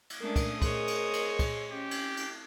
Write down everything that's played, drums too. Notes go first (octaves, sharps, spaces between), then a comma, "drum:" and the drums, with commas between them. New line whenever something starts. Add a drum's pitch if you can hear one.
drum: cymbal
G#3 A3 C#4 D4 A#4 D#6
drum: kick, cymbal
G#4 A#4 C5 C#5 D#5, drum: kick, cymbal
drum: cymbal
drum: cymbal
drum: kick, cymbal
C#4 G4
drum: cymbal
drum: cymbal